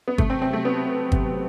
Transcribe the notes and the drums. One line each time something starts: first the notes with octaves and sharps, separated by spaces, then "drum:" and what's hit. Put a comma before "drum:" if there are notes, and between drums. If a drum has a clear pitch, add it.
B3
C3 A3, drum: kick
C4
F#3
C4
A3 G4
B3 C4
C3
C3
C4, drum: kick
C4